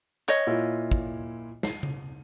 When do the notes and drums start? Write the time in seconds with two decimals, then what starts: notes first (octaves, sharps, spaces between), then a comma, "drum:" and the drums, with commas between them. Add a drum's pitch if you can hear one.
0.29 C#5 D#5, drum: clap
0.47 A#2 E4 F4
0.92 drum: kick
1.63 C7 D#7, drum: snare
1.83 drum: tom C#3